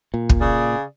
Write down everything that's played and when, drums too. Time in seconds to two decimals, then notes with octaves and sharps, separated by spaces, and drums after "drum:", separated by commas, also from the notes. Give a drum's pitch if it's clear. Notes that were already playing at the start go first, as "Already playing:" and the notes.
0.14 A#2
0.29 drum: kick
0.41 C#3 G#4 D5